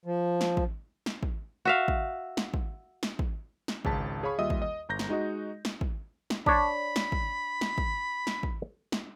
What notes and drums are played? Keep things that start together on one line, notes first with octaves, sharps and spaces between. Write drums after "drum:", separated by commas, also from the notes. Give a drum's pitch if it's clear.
F3
drum: snare
drum: kick
drum: snare
drum: kick
F#4 E5 F5
drum: kick
drum: snare
drum: kick
drum: snare
drum: kick
drum: snare
G#1 C#2 C#3 A5 B6, drum: kick
G#4 C#5 F5 B5 C#6
D#2 G3 F4 D#5 E5 D#6
drum: kick
D#5
G1 A#5 G6 A#6
drum: snare
G#3 D#4 F#4 D#5
drum: snare
drum: kick
drum: snare
D4 C#5 A5 B5, drum: kick
drum: snare
drum: kick
drum: snare
drum: kick
drum: snare
drum: kick
drum: snare